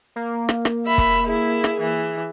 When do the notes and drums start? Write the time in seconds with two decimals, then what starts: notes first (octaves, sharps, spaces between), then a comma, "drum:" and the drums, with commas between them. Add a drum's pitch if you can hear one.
0.16 A#3
0.49 drum: rim click
0.65 drum: rim click
0.87 E5 B5
0.98 drum: kick
1.28 E4 G#4
1.64 drum: rim click
1.80 E3